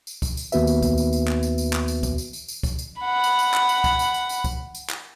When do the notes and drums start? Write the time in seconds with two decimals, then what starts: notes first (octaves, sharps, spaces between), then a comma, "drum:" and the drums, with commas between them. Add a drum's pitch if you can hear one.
0.07 drum: tambourine
0.22 drum: kick, tambourine
0.37 drum: tambourine
0.52 D#2 B3 F#4 B4 E5, drum: tambourine
0.67 drum: tambourine
0.82 drum: kick, tambourine
0.98 drum: tambourine
1.13 drum: tambourine
1.28 drum: clap
1.43 drum: tambourine
1.58 drum: tambourine
1.73 drum: clap
1.88 drum: tambourine
2.03 drum: kick, tambourine
2.18 drum: tambourine
2.33 drum: tambourine
2.48 drum: tambourine
2.63 drum: kick, tambourine
2.78 drum: tambourine
3.01 F#5 B5
3.24 drum: tambourine
3.39 drum: tambourine
3.54 drum: clap
3.69 drum: tambourine
3.84 drum: kick, tambourine
3.99 drum: tambourine
4.14 drum: tambourine
4.29 drum: tambourine
4.44 drum: kick, tambourine
4.75 drum: tambourine
4.90 drum: clap